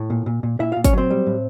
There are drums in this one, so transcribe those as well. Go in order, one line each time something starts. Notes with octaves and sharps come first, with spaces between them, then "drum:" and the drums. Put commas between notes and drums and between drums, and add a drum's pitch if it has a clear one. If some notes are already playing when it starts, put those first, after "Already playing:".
Already playing: A2
A#2
A#2
A#2
A#2 E4 E5
A#2 F4 F5
C#4 C#5, drum: kick, hi-hat
F#3 C4 C5
G3
A2